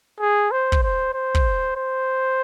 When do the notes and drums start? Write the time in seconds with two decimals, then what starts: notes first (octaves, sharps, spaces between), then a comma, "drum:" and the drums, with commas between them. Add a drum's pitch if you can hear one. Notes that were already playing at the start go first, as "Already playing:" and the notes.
0.20 G#4
0.52 C5
0.72 drum: kick
0.83 C5
1.14 C5
1.35 drum: kick
1.76 C5